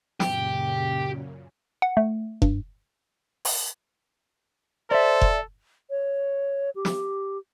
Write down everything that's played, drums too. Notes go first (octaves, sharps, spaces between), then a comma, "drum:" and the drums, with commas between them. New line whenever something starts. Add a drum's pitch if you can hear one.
F#2 A#2 C#3 G4, drum: snare
F#5
A3
G2, drum: kick F1
drum: open hi-hat
A4 C5 D5 E5
drum: kick F1
C#5
G4
drum: snare